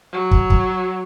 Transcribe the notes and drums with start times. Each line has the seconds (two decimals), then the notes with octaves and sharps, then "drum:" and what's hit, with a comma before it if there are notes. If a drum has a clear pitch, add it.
0.12 F#3
0.31 drum: kick
0.50 drum: kick